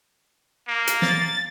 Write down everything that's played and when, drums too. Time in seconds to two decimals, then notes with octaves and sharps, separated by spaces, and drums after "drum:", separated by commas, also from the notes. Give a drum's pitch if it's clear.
0.68 A#3
0.87 drum: hi-hat
1.02 A6, drum: snare